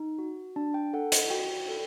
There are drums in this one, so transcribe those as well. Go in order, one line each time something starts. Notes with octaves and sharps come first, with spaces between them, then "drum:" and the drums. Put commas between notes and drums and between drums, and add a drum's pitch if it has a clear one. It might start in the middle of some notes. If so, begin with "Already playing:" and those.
Already playing: D#4
F#4
D4 A5
G5
A4 F#5
D#5, drum: hi-hat
F#4 G5
A4